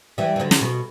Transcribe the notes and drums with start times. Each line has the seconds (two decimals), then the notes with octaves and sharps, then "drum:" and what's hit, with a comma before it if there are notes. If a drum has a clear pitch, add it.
0.18 E3 G3
0.36 E3
0.40 D3 F#3
0.51 drum: snare
0.61 B2